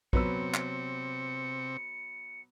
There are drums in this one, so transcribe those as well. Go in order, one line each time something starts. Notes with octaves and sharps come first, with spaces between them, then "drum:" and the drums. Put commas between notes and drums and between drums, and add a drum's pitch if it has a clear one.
C3 F#3 B3 C4 E6 C#7, drum: kick
drum: clap